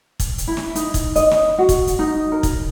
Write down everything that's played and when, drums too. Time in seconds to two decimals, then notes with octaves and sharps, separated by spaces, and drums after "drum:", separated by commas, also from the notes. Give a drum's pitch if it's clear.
0.20 drum: kick, hi-hat
0.38 drum: hi-hat
0.48 E4
0.57 drum: snare
0.75 D#4, drum: hi-hat
0.94 drum: kick, hi-hat
1.16 D#5, drum: hi-hat
1.31 drum: snare
1.58 F#4
1.69 drum: kick, hi-hat
1.87 drum: hi-hat
1.99 D#4
2.32 A#4
2.43 drum: kick, hi-hat